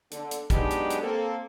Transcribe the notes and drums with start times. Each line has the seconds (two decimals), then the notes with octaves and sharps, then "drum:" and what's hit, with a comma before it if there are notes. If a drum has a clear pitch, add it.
0.11 D3, drum: hi-hat
0.31 drum: hi-hat
0.50 F#3 G#3 B3 D4 D#4 G4, drum: kick, hi-hat
0.70 drum: hi-hat
0.90 drum: hi-hat
1.01 A#3 C4 A4